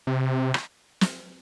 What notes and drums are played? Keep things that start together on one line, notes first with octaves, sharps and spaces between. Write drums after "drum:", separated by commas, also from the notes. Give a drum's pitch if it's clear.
C3
drum: rim click
drum: snare